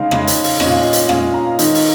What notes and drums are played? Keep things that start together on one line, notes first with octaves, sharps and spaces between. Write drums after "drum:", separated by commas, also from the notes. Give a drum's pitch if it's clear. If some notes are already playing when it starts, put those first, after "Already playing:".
Already playing: C#3 G#3 D#4 F5
C#3 G#3 D#4, drum: rim click
drum: hi-hat
drum: open hi-hat
A#2 G#3 C#4 D#5, drum: rim click
F5
D#5
drum: hi-hat
A#2 G#3 C#4 F5, drum: rim click
A#5
D#3 G#3 D#4, drum: hi-hat
drum: open hi-hat